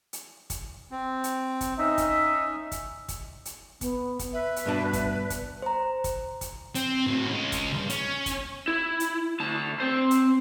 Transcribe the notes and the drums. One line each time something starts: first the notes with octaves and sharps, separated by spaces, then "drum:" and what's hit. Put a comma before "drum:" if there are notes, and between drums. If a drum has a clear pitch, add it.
drum: hi-hat
drum: kick, hi-hat
C4
drum: hi-hat
drum: kick, hi-hat
C#4 D#4 E5
drum: kick, hi-hat
drum: kick, hi-hat
drum: kick, hi-hat
drum: hi-hat
B3, drum: kick, hi-hat
drum: kick, hi-hat
B4 E5
drum: hi-hat
G2 B2 D4
drum: kick, hi-hat
drum: kick, hi-hat
C5 A#5
drum: kick, hi-hat
drum: kick, hi-hat
C4, drum: hi-hat
A2 F#4
G#3 C#4
drum: kick, hi-hat
C#2 G2
C#4, drum: hi-hat
drum: kick, hi-hat
E4
drum: hi-hat
D2 A5
C4 C5
drum: hi-hat